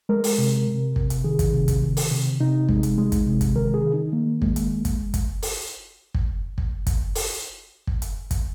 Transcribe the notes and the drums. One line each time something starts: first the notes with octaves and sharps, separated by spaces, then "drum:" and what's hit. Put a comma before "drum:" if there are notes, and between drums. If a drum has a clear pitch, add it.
G#3 A#4
drum: open hi-hat
C3
C3
C3, drum: kick
drum: hi-hat
D#3 G#4
drum: kick, hi-hat
C3
drum: kick, hi-hat
D#3
drum: open hi-hat
C3
C3 D#4
G#3, drum: kick
drum: hi-hat
G#3
drum: kick, hi-hat
C3
drum: kick, hi-hat
D#3 A#4
G#4
D#3
D#4
D#3 A#3
G#3, drum: kick
drum: hi-hat
drum: kick, hi-hat
drum: kick, hi-hat
drum: open hi-hat
drum: kick
drum: kick
drum: kick, hi-hat
drum: open hi-hat
drum: kick
drum: hi-hat
drum: kick, hi-hat